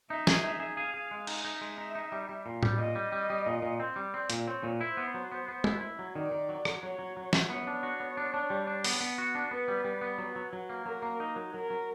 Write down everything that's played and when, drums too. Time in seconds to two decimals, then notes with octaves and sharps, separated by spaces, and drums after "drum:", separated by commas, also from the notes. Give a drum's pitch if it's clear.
0.10 D#4 E5
0.27 G#4, drum: snare
0.44 D#4 E5
0.60 G#4
0.77 G#4 F5
0.94 G#4
1.11 G#3
1.27 D#4, drum: cymbal
1.44 D#4 E5
1.61 G#3
1.78 D#4
1.95 D#4
2.12 G3
2.29 G3
2.46 A#2
2.63 G3, drum: tom A2
2.78 A#2 D#5
2.95 G3
3.12 G3
3.30 G3
3.47 A#2
3.62 A#2
3.80 C4
3.96 G3
4.13 C4 D5
4.30 A#2, drum: hi-hat
4.47 C4 C#5
4.63 A#2
4.80 E4 C5
4.97 B3
5.14 F#3
5.32 B3
5.48 B3
5.64 E4, drum: tom
5.81 E4
5.99 F#3
6.15 D#3 D5
6.31 D#3
6.49 F#3
6.65 F#3, drum: rim click
6.82 F#3 C#5
6.99 F#3
7.17 F#3
7.33 F#3, drum: snare
7.50 B3 C#5
7.67 D4
7.83 F#4
8.00 B3
8.17 D4
8.34 D4
8.50 G3
8.67 D4
8.84 B3, drum: open hi-hat
9.01 B3
9.18 F#4
9.35 D4
9.51 B3 B4
9.68 G3
9.85 G3
10.01 B3
10.18 F#3 B4
10.36 F#3
10.53 F#3
10.70 A#3
10.86 F#3 A#4
11.02 A#3
11.20 D#4
11.36 F#3
11.53 F#3 A#4
11.70 F#3